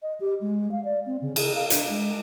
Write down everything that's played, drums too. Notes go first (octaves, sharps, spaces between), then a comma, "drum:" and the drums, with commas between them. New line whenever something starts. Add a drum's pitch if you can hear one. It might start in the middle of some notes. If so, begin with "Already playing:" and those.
D#5
G4
G#3
F5
D5
C4
C#3
G#4, drum: cymbal
F5
D4, drum: hi-hat
G#3